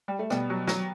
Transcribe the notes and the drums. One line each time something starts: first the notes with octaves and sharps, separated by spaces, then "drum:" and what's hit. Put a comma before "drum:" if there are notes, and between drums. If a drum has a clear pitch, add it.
G3
A3
B2 G3 B3, drum: rim click
F#3
F#3, drum: snare